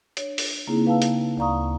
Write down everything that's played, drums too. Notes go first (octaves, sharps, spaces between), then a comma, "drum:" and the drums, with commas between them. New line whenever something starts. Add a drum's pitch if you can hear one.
D4 C#5, drum: hi-hat
drum: open hi-hat
C#3 A#3 C4 D#4 E4 G#4
B4 F5 G5 A5 E6
drum: hi-hat
D2 D5 F5 A#5 C#6 D#6